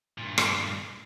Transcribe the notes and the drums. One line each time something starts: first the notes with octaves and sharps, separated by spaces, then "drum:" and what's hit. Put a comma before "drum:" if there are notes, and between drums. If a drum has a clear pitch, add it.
G2 A#2
drum: rim click